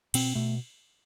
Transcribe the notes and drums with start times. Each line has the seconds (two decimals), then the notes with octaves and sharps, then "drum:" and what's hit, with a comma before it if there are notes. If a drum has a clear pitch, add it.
0.14 B2 C4, drum: cymbal
0.35 B2 A3